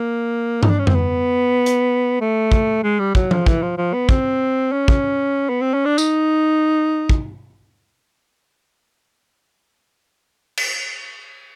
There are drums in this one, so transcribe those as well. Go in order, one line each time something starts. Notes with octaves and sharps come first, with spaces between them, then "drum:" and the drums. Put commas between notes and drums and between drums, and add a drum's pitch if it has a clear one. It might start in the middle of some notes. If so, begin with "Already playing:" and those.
Already playing: A#3
D#4, drum: tom G2
D4
C#4
C4, drum: tom F2
B3
drum: hi-hat
A3
drum: kick
G#3
G3
F#3, drum: kick
F3, drum: tom F3
E3, drum: kick
F3
F3
B3
C4, drum: kick
C#4
drum: kick
B3
C4
C#4
D4
D#4, drum: tambourine
drum: kick
drum: cymbal